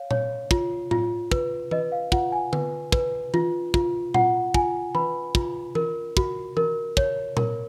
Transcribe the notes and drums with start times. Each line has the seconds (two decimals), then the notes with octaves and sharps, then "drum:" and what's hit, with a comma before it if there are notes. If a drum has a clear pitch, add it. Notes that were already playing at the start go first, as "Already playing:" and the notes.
Already playing: C#5 F5
0.11 C#5, drum: tom A#2
0.51 F4, drum: kick
0.91 F4, drum: tom A2
1.31 B4, drum: kick
1.71 B4 D#5, drum: tom E3
1.92 F5
2.12 F4 F#5, drum: kick
2.32 G#5
2.53 B4, drum: tom D3
2.92 B4, drum: kick
3.34 F4, drum: tom E3
3.74 F4, drum: kick
4.14 F4 F#5, drum: tom A#2
4.54 F4 G#5, drum: kick
4.95 B4 B5, drum: tom E3
5.35 F4, drum: kick
5.75 A#4, drum: tom E3
6.17 F#4, drum: kick
6.57 A#4, drum: tom E3
6.97 C#5, drum: kick
7.37 A#4, drum: tom A#2